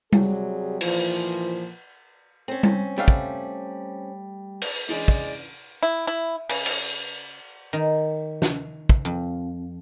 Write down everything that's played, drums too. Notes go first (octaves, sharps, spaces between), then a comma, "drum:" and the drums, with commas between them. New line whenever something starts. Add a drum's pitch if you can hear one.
C3 F#3 G3 G#4, drum: tom G3
A#2 E3 F3, drum: cymbal
C4 C#4
drum: tom G3
G3 A3 F5
drum: kick
drum: cymbal
E3 G#3 C#4 D4 D5, drum: open hi-hat
drum: kick
E4
E4
C#3, drum: cymbal
drum: cymbal
D#3
drum: snare
drum: kick
F2